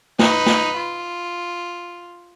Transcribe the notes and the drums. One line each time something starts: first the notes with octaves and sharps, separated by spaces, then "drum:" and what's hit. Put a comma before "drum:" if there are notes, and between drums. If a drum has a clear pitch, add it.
D#4 B4, drum: snare
drum: snare
F4